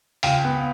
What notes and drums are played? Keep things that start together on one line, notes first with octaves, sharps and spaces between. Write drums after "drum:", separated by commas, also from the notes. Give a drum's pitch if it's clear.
C#2 F5 G5, drum: open hi-hat
B3